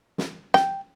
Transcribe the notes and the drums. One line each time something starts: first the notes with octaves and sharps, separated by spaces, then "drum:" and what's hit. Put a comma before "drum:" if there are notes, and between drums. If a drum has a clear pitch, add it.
drum: snare
G5, drum: snare